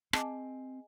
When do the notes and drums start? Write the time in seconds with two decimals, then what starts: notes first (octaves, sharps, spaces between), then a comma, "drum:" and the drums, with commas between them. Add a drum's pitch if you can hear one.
0.13 C4 G#4 D#5 G#5 A5 D6, drum: rim click